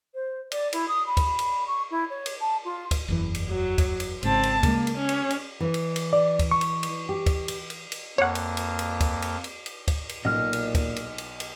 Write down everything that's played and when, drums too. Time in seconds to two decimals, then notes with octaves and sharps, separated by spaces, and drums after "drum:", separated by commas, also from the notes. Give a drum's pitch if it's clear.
0.14 C5
0.52 D5, drum: cymbal
0.73 E4, drum: cymbal
0.88 D#6
1.06 B5
1.17 drum: kick, cymbal
1.39 drum: cymbal
1.67 C#6
1.91 E4
2.10 C#5
2.26 drum: cymbal
2.40 A5
2.65 F4
2.91 drum: kick, cymbal
3.08 F#1 E2 E3
3.35 drum: cymbal
3.49 F#3
3.78 drum: kick, cymbal
4.00 drum: cymbal
4.23 G#1 G#2 C#3 C4 A5, drum: cymbal
4.43 drum: cymbal
4.63 C#3 G#3 A#3, drum: kick, cymbal
4.87 drum: cymbal
4.97 C#4
5.09 drum: cymbal
5.30 drum: cymbal
5.60 E3
5.74 drum: cymbal
5.96 drum: cymbal
6.13 D5
6.39 drum: kick, cymbal
6.51 C#6
6.61 drum: cymbal
6.83 drum: cymbal
7.09 G4
7.26 drum: kick, cymbal
7.48 drum: cymbal
7.70 drum: cymbal
7.92 drum: cymbal
8.18 F2 A#3 C#5 F#5
8.35 drum: cymbal
8.57 drum: cymbal
8.79 drum: cymbal
9.01 drum: kick, cymbal
9.22 drum: cymbal
9.44 drum: cymbal
9.66 drum: cymbal
9.88 drum: kick, cymbal
10.09 drum: cymbal
10.25 B1 A#2 D#5 F6
10.53 drum: cymbal
10.75 drum: kick, cymbal
10.96 drum: cymbal
11.18 drum: cymbal
11.40 drum: cymbal